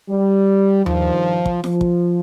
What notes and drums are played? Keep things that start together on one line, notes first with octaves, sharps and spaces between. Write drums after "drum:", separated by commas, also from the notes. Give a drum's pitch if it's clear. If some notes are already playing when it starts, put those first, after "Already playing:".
G3
G2 D#3 F3, drum: tom D#2
drum: kick
F3, drum: snare
drum: kick